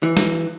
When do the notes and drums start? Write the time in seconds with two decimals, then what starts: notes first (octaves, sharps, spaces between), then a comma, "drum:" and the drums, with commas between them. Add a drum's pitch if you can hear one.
0.03 E3
0.17 drum: snare